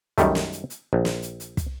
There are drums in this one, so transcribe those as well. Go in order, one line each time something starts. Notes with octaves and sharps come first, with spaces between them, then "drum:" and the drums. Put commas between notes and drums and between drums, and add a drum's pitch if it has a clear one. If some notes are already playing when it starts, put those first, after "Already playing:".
F#2 D#3 G3 A3, drum: kick, hi-hat
drum: snare
drum: hi-hat
drum: hi-hat
A#1
drum: snare
drum: hi-hat
drum: hi-hat
drum: kick, hi-hat